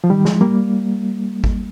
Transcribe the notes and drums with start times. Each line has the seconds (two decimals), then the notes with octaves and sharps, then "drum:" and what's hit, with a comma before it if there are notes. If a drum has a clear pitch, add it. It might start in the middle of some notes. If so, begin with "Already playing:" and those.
0.04 F3
0.10 D#3 G3
0.25 F3 G#3, drum: snare
0.41 G3 A#3
1.44 drum: kick G#1